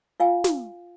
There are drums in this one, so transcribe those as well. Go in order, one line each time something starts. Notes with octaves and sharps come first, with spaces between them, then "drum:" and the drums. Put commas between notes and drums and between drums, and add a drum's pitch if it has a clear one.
F4 F5 G#5
drum: snare